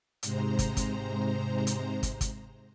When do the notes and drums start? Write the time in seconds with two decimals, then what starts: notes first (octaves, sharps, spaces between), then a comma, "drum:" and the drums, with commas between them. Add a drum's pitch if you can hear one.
0.23 G#2 C3 G#3 C5 A#5, drum: hi-hat
0.59 drum: kick, hi-hat
0.77 drum: kick, hi-hat
1.67 drum: hi-hat
2.03 drum: kick, hi-hat
2.21 drum: kick, hi-hat